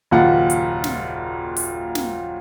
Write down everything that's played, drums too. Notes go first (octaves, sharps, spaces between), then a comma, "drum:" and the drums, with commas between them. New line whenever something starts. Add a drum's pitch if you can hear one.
F#1 D#2 A#2 F4 F#5
drum: hi-hat
drum: snare
drum: open hi-hat
drum: snare